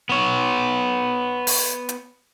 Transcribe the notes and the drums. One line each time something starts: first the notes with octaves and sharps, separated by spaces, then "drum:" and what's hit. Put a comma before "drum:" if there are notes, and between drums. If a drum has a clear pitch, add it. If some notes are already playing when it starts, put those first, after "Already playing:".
B3 C#5
drum: open hi-hat
drum: hi-hat